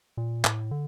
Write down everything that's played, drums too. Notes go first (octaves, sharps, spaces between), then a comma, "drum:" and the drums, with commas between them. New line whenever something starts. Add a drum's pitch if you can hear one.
A#2
A2, drum: clap
D3